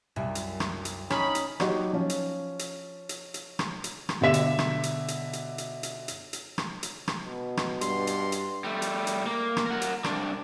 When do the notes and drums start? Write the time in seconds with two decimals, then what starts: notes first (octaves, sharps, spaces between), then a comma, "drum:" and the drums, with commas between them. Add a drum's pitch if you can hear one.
0.16 C2 F#2
0.35 drum: hi-hat
0.60 drum: rim click
0.85 drum: hi-hat
1.10 C#4 D#4 B5, drum: rim click
1.35 drum: hi-hat
1.60 F#3 D#4 F#4 G4, drum: rim click
1.93 F3 C#4
2.10 drum: hi-hat
2.59 drum: hi-hat
3.09 drum: hi-hat
3.34 drum: hi-hat
3.59 drum: rim click
3.84 drum: hi-hat
4.09 drum: rim click
4.21 B2 D3 G4 E5 B6 E7
4.34 drum: hi-hat
4.59 drum: rim click
4.83 drum: hi-hat
5.08 drum: hi-hat
5.33 drum: hi-hat
5.58 drum: hi-hat
5.83 drum: hi-hat
6.08 drum: hi-hat
6.33 drum: hi-hat
6.58 drum: rim click
6.83 drum: hi-hat
7.08 drum: rim click
7.26 B2
7.57 drum: rim click
7.81 G2 C6, drum: hi-hat
8.07 drum: hi-hat
8.32 drum: hi-hat
8.64 G3 A3
8.82 drum: hi-hat
9.07 drum: hi-hat
9.27 A#3
9.57 drum: rim click
9.66 A#4 F#5
9.81 drum: hi-hat
10.04 C2 D4, drum: rim click